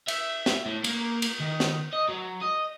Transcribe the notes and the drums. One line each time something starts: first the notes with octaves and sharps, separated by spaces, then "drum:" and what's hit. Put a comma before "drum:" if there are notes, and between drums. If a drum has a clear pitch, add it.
E5, drum: cymbal
drum: snare
A2
A#3, drum: cymbal
drum: cymbal
D#3
drum: snare
D#5
F#3
D#5